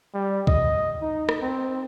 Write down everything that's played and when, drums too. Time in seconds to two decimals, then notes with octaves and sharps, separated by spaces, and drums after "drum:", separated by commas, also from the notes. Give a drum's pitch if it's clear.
0.14 G3
0.47 D#5, drum: kick
1.02 D#4
1.29 drum: rim click
1.42 C4